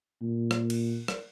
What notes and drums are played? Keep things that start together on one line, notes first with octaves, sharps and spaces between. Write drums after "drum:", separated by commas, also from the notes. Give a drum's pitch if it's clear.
A#2
drum: rim click
drum: cymbal
drum: rim click